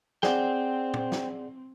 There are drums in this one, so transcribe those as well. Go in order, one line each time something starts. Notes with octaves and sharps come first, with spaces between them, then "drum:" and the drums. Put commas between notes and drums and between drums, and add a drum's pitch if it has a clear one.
C4 G#4 C5 D5 F#5 G5, drum: snare
drum: tom
drum: snare